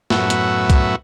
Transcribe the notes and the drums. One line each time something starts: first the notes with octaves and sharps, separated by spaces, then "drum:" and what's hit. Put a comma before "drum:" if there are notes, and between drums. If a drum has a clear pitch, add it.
F#2 A2 B3 F#4 E5, drum: snare
drum: hi-hat
drum: kick C2, hi-hat